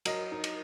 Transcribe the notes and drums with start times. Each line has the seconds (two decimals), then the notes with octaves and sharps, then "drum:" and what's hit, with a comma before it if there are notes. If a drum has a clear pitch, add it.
0.05 F#3 A#4 D#5, drum: cymbal
0.32 D#4
0.44 drum: cymbal